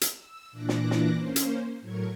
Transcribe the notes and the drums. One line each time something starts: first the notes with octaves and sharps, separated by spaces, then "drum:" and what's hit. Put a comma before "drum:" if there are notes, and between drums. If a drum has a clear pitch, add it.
drum: hi-hat
E6
A#2 E3 D4 D6 F#6 A#6
drum: snare
drum: snare
A#3 C#4 C5
drum: hi-hat
A2 F#3 A3 A#4 C#6 G#6